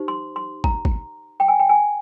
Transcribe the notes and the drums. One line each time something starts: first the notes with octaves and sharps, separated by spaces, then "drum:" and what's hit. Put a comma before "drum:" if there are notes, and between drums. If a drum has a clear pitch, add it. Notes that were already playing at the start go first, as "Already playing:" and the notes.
Already playing: D#4 G4 C5
C6
C6
A#5, drum: kick
drum: kick
G5
G#5
G5
G#5